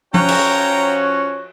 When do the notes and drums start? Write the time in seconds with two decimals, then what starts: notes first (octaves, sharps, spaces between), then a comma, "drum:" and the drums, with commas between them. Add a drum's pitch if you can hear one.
0.14 F3 C#4 F#4 C#5 G5 A#5, drum: tom F3
0.29 drum: cymbal